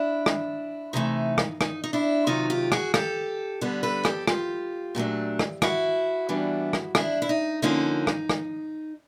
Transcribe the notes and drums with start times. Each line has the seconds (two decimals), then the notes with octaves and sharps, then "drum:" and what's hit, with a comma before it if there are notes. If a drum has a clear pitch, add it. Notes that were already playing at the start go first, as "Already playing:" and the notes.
Already playing: D4 E4
0.26 drum: rim click
0.93 C3 E3 A3 D#4
1.38 drum: rim click
1.61 D#4, drum: rim click
1.84 D#4
1.93 D4 E4
2.27 C3 D#3 F#3 D#4 F4
2.50 F4 G4
2.72 F#4 G#4, drum: rim click
2.94 G4 A4, drum: rim click
3.61 D3 G3 B3
3.83 A4 B4
4.05 G4 A4, drum: rim click
4.27 F4 G4, drum: rim click
4.95 A#2 F#3 A3 D4
5.39 drum: rim click
5.62 E4 F#4, drum: rim click
6.29 E3 G3 B3 D4
6.73 drum: rim click
6.95 D4 E4, drum: rim click
7.22 E4
7.29 D#4
7.62 D3 F3 A#3 C#4 D#4
8.07 drum: rim click
8.29 drum: rim click